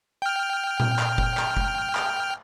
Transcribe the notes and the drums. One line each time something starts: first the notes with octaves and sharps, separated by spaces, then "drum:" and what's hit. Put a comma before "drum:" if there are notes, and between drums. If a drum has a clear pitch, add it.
G5 F6
drum: tom A#2
drum: clap
drum: kick F1
drum: clap
drum: kick F1
drum: clap